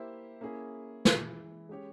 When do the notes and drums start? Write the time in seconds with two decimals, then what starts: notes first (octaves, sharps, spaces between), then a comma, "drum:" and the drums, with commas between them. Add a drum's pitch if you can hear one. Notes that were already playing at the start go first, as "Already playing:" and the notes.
Already playing: A#3 E4 G4 C5 E5
0.41 A#3 C#4 E4 G#4
1.05 E3 G#3 E4, drum: snare
1.69 G#3 C#4 G4 C#5